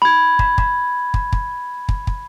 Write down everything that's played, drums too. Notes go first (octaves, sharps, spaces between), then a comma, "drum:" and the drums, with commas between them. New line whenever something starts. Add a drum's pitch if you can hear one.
B5 G#6
drum: kick
drum: kick
drum: kick
drum: kick
drum: kick
drum: kick